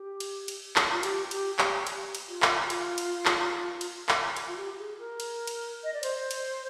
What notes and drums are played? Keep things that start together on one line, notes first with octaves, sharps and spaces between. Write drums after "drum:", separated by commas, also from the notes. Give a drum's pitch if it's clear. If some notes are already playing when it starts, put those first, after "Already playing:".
Already playing: G4
drum: cymbal
drum: cymbal
drum: clap
F4
G4, drum: cymbal
G4, drum: cymbal
G4, drum: clap
G4, drum: cymbal
drum: cymbal
F4
drum: clap
G4
F4, drum: cymbal
drum: cymbal
drum: clap
drum: cymbal
drum: clap
drum: cymbal
F4
G4
G4
G#4
A#4
drum: cymbal
drum: cymbal
D#5
D5
C5, drum: cymbal
drum: cymbal